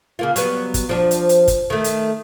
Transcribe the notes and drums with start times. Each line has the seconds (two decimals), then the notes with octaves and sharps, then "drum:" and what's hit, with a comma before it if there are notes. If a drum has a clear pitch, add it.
0.19 C#3 A#3 F4
0.36 F#3 G3 B3, drum: hi-hat
0.74 drum: kick, hi-hat
0.89 F3 D4
1.11 drum: hi-hat
1.29 drum: hi-hat
1.48 drum: kick, hi-hat
1.70 D#3 A3
1.84 drum: hi-hat